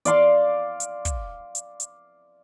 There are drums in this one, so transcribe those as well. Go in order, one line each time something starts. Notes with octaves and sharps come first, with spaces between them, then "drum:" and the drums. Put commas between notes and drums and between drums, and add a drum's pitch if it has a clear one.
D5 F5 C6 D6, drum: hi-hat
drum: hi-hat
drum: kick, hi-hat
drum: hi-hat
drum: hi-hat